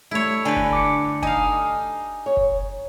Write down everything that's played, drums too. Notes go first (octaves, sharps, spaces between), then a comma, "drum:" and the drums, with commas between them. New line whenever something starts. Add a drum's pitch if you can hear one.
G3 A3 E4 C#5
D3 G4 B4 G#5
drum: kick F#1
D6 C#7
D#4 F5 G#5, drum: kick F#1
C#5
drum: kick F#1